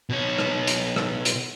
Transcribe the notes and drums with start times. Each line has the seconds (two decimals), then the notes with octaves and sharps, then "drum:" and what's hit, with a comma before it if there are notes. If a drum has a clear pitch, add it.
0.10 B2 C#5
0.38 drum: rim click
0.67 drum: hi-hat
0.96 drum: rim click
1.25 drum: hi-hat